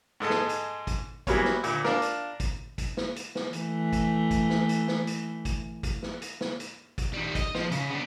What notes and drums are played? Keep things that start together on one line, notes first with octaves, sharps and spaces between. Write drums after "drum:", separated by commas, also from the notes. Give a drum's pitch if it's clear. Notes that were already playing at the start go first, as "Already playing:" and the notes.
G#2 G#3 A4 D#5
drum: snare
drum: hi-hat
drum: kick, hi-hat
E3 F#3 G3 A#3 B3 C#5, drum: kick, hi-hat
drum: snare
D2 A#2, drum: hi-hat
D4 F4 A#4, drum: snare
drum: hi-hat
drum: kick, hi-hat
drum: kick, hi-hat
drum: snare
drum: hi-hat
drum: snare
E3 A3, drum: hi-hat
drum: kick, hi-hat
drum: kick, hi-hat
drum: snare
drum: hi-hat
drum: snare
drum: hi-hat
drum: kick, hi-hat
drum: kick, hi-hat
drum: snare
drum: hi-hat
drum: snare
drum: hi-hat
drum: kick, hi-hat
D#3 G3
D#5, drum: kick, hi-hat
F3, drum: snare
C#3, drum: hi-hat
B3 D4